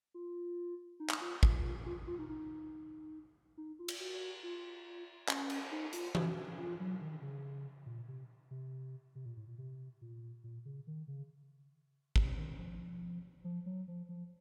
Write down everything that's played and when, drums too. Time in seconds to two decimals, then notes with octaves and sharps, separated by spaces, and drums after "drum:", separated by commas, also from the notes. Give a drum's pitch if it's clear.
0.14 F4
1.00 D#4
1.10 drum: clap
1.21 F4
1.43 F4, drum: kick
1.86 F4
2.07 F4
2.19 D#4
2.29 D#4
3.57 D#4
3.79 F4
3.88 drum: cymbal
4.00 F#4
4.43 F4
5.29 C#4, drum: clap
5.50 drum: cymbal
5.72 D#4
5.93 F4, drum: hi-hat
6.15 F#4, drum: tom E3
6.58 F4
6.80 F#3
7.01 D#3
7.22 C#3
7.86 A#2
8.08 C3
8.51 C3
9.15 C3
9.26 A#2
9.37 A2
9.47 A#2
9.58 C3
10.01 A#2
10.44 A#2
10.65 C#3
10.87 D#3
11.08 C#3
12.16 C3, drum: kick
12.37 D#3
12.58 F3
13.44 F3
13.66 F#3
13.88 F3
14.09 F3